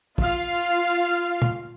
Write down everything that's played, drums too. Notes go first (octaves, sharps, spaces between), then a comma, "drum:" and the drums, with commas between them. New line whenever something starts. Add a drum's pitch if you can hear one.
F4 F5, drum: kick
drum: tom